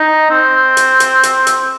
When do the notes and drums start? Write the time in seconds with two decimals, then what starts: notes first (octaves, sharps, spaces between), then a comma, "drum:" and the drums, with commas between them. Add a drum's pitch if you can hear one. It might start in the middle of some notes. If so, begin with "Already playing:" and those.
Already playing: D#4
0.30 C4
0.77 drum: hi-hat
1.00 drum: hi-hat
1.23 drum: hi-hat
1.47 drum: hi-hat